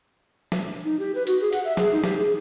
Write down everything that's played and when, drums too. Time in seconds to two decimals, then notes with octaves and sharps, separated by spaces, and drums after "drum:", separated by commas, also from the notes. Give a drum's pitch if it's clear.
0.52 drum: snare
0.84 D#4
0.99 G4
1.15 B4
1.27 F#4, drum: hi-hat
1.41 G#4
1.53 F#5, drum: hi-hat
1.65 E5
1.77 G#4, drum: snare
1.93 D#4
2.04 G4, drum: snare
2.18 G#4